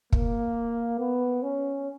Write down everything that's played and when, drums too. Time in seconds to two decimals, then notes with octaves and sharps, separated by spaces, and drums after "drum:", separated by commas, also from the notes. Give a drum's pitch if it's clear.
0.12 A#3, drum: kick
1.00 B3
1.43 C#4